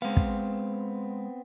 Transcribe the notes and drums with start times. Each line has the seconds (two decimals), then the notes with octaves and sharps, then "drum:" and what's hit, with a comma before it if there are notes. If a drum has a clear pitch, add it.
0.02 G#3 B3 C4 F5
0.17 drum: kick